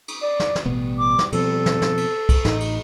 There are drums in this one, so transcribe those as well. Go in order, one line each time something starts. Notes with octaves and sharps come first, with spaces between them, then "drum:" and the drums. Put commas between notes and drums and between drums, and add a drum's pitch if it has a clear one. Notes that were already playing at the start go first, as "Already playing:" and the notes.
drum: cymbal
D5
drum: snare
drum: snare
A1 B2 G3 B3
D6
drum: snare
B2 F3 C4 A4, drum: cymbal
drum: snare
drum: snare
drum: cymbal
drum: kick C2, cymbal
A1 A2 D#4, drum: snare
drum: cymbal